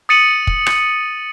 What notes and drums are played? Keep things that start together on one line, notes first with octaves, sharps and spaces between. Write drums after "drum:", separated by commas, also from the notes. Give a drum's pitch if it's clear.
D#6 A6 C#7 D#7 F#7
drum: kick
drum: rim click